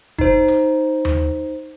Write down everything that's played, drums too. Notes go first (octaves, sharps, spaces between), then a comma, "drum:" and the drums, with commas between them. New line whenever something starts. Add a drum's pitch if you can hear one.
D#4 C5, drum: kick F#1
drum: hi-hat
drum: tom D#2